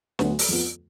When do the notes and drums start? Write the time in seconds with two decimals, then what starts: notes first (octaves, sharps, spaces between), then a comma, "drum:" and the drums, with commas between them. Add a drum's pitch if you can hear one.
0.19 D2 D3 F#3 B3, drum: snare
0.39 drum: open hi-hat
0.49 F2 F3 B3